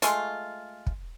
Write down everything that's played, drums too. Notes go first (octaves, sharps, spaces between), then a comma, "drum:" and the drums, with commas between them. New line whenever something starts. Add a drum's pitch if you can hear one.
G#3 A3 F4, drum: hi-hat
drum: kick